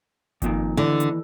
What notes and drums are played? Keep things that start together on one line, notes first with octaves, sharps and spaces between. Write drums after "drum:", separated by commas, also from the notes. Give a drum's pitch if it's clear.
F2 A#2 D#3, drum: kick G1, hi-hat
D#2 D3 E3
drum: hi-hat